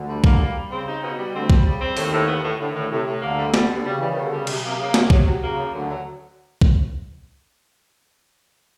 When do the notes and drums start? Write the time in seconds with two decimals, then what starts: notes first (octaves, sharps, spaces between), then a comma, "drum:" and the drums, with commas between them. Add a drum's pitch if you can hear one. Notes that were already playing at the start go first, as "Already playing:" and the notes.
Already playing: D2 D3
0.08 G3
0.24 A#3, drum: kick B1
0.40 G3
0.56 G3
0.71 C#3 C4
0.87 D#4
1.02 B2
1.18 G3
1.34 D2 D3 C4
1.50 G3, drum: kick B1
1.65 C#3 G3
1.81 C4
1.97 D#2 A2 D#3, drum: open hi-hat
2.12 A2
2.28 B3
2.43 A2
2.59 A2 D3
2.70 D#3
2.75 D2 A2 D3
2.90 A2 C3
3.07 A2
3.22 D2 D3 A#3
3.38 G3
3.54 G3, drum: snare
3.69 B2 D3
3.85 C#3 G3
3.98 E3 G3
4.11 B2 D#3
4.23 D3
4.32 C#3 G3
4.47 F#2 C3, drum: cymbal
4.64 C3 A#3
4.78 C#3 A#3
4.94 C3 F#3, drum: snare
5.10 C3 F#3, drum: kick B1
5.26 F#3
5.42 C#3 A#3
5.58 F#2
5.73 D2 D3 F#3
5.89 F#3
6.61 drum: kick B1